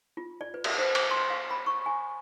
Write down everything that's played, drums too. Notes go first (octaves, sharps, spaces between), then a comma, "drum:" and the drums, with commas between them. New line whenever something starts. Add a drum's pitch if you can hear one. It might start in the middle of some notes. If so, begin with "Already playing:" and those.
F4
D5
B4
drum: cymbal
C5
D6, drum: cymbal
C6
F5
B5
C#6
G#5